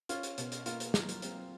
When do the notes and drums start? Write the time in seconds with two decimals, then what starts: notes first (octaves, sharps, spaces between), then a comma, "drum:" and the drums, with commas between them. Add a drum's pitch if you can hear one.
0.09 C#4 F4, drum: hi-hat
0.23 drum: hi-hat
0.38 B2, drum: hi-hat
0.52 drum: hi-hat
0.66 A#3 F4, drum: hi-hat
0.80 drum: hi-hat
0.94 F#3, drum: snare
1.09 drum: hi-hat
1.22 C4, drum: hi-hat